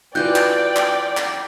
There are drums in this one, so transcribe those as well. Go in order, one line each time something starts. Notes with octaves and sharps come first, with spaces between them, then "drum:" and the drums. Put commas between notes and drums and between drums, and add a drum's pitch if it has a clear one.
E3 F4 F#4 D5 G5 F#6 G6
drum: clap
drum: clap
drum: clap